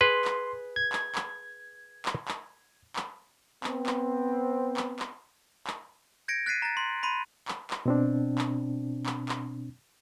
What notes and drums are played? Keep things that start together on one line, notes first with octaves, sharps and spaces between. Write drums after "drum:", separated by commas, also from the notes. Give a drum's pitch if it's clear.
G#4 B4 C6
drum: clap
G#6
drum: clap
drum: clap
drum: clap
drum: clap
drum: clap
B3 C4, drum: clap
drum: clap
drum: clap
drum: clap
drum: clap
G6 G#6 A#6 C#7 D7
F#6 A6 B6 C7 D#7
A#5 A6
C6
B5 C6 D#7
drum: clap
drum: clap
B2 C4 D4
drum: clap
drum: clap
drum: clap